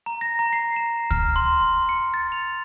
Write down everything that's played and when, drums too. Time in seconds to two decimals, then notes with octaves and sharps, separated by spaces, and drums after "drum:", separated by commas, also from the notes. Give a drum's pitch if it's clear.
0.06 A#5
0.21 A#6
0.39 A#5
0.53 C7
0.76 E7
1.11 F6, drum: kick
1.36 C6
1.89 C#7
2.14 A6
2.32 F7